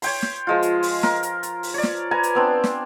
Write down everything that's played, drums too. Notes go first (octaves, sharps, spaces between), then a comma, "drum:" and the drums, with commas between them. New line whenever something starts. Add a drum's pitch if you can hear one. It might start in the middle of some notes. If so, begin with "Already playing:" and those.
C#5 G5 C6, drum: open hi-hat
drum: snare
F3 G#3 F4
drum: hi-hat
drum: open hi-hat
A#4, drum: snare
drum: hi-hat
drum: hi-hat
drum: open hi-hat
C#5 D5
drum: snare
B4 G#5 A#5
drum: hi-hat
B3 C4 D4
drum: snare